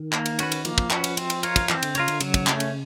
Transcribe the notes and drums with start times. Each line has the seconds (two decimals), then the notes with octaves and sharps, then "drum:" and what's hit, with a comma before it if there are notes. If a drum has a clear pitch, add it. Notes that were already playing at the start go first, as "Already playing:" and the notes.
Already playing: D#3
0.13 A#3, drum: clap
0.26 drum: cymbal
0.39 C#4 F#4 B4, drum: cymbal
0.52 drum: cymbal
0.65 F3 A#3, drum: cymbal
0.78 drum: kick
0.90 C#4 F#4 B4, drum: clap
1.04 drum: cymbal
1.17 C4, drum: cymbal
1.30 drum: cymbal
1.43 F4 A#4 C#5, drum: cymbal
1.56 drum: kick, cymbal
1.69 E3 C4, drum: clap
1.83 D3, drum: cymbal
1.95 C#3 F4 A#4 C#5, drum: cymbal
2.08 D3, drum: cymbal
2.20 C#3 F#3, drum: cymbal
2.34 drum: kick, cymbal
2.47 A3 C#4, drum: clap
2.60 drum: cymbal